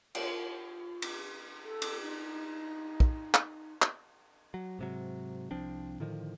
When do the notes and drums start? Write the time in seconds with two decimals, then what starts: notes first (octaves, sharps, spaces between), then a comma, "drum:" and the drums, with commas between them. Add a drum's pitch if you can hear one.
0.15 F4, drum: cymbal
1.02 drum: cymbal
1.64 A4
1.82 drum: cymbal
2.02 D#4
3.00 drum: kick
3.34 drum: clap
3.82 drum: clap
4.54 F#3
4.79 G#2 C3 F#3
5.51 C2 F3 C4 D4
6.00 A2 D3 D#3 F3